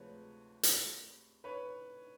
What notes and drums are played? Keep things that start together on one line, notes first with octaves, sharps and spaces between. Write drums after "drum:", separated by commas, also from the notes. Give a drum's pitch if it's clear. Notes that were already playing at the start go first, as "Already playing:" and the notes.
Already playing: D2 C3 F3 G#3 B4 C#5
drum: hi-hat
B4 C#5